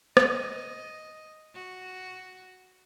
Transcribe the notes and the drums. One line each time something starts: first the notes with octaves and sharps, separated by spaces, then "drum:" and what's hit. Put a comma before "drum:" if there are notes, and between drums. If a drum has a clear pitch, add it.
D#5, drum: rim click
F#4